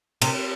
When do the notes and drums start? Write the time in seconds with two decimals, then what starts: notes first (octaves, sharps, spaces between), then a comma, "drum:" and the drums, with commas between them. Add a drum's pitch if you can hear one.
0.22 C3, drum: cymbal